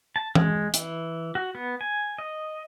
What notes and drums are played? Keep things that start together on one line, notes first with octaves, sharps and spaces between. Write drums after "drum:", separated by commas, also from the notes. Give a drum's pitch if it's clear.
A5
G#3, drum: tom E3
E3, drum: hi-hat
F#4
B3
G#5
D#5